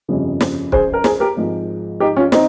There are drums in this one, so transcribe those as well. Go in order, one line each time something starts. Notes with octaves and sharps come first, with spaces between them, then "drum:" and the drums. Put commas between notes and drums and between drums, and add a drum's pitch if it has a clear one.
G1 F2 C#3 G3
drum: snare
G#4 C5, drum: kick
A#4
G#4 C5, drum: snare
G4 A#4
G#1 G#2 F3 G#3
D#4 G4
C#4 F4
C4 D#4, drum: snare